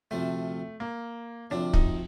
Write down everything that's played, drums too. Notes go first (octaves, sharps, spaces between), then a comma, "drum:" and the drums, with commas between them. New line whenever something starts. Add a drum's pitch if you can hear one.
D2 C3 F3 A3 C4
A#3
D2 C3 F3 C4 D4
D#4, drum: kick